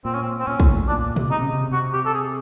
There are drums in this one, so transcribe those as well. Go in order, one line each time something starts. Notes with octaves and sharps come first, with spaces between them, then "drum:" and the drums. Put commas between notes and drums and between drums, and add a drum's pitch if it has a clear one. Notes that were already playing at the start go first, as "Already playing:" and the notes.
A#2 C4
C#4
C4
C4
A#2 C#4
A2, drum: kick
A#2
B2
A#2 D4
drum: tom A#2
C3 D#4
C#3
C3
C3 F#4
G4
A4
G#4